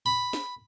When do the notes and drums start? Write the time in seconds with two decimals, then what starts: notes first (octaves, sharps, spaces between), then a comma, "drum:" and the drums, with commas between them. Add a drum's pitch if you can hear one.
0.06 B5
0.33 drum: snare